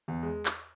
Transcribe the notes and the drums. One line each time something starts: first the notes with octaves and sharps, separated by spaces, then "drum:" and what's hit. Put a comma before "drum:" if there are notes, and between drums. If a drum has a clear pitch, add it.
E2
G#3
drum: clap